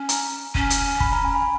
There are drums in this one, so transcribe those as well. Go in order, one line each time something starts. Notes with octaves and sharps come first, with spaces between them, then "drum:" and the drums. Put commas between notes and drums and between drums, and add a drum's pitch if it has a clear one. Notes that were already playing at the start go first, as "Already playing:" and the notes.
Already playing: C#4
A#5, drum: hi-hat
C#4, drum: kick
drum: hi-hat
B5, drum: kick
A#5
G#5
B5